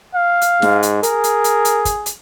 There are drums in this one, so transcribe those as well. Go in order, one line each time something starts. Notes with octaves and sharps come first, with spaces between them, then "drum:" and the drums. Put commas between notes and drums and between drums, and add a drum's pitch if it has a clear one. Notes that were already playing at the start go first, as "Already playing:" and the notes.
F5
drum: hi-hat
G#2, drum: snare
drum: hi-hat
G#4 A#4, drum: hi-hat
drum: hi-hat
drum: hi-hat
drum: hi-hat
drum: kick, hi-hat
drum: hi-hat